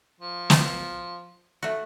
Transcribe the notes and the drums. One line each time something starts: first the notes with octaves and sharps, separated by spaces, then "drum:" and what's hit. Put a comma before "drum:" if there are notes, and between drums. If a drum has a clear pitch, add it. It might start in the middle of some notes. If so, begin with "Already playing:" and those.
F3
drum: snare
A3 F#4